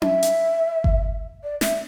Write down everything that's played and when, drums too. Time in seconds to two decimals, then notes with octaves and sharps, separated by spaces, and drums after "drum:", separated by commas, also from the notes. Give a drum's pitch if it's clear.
0.02 E5, drum: tom C#4
0.23 drum: hi-hat
0.84 drum: kick G1
1.43 D5
1.61 E5, drum: snare